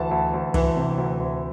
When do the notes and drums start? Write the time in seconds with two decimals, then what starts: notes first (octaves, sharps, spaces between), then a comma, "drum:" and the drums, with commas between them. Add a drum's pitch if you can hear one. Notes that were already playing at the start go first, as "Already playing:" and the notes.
Already playing: D2 E3 A5
0.11 D2
0.33 D2
0.54 E3, drum: kick C2, cymbal
0.77 C3
0.98 D2
1.19 D2